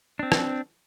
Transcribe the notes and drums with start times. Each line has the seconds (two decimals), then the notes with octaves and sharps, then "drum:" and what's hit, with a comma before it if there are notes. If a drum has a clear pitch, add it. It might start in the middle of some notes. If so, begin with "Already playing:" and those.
0.19 C4 D4
0.32 drum: rim click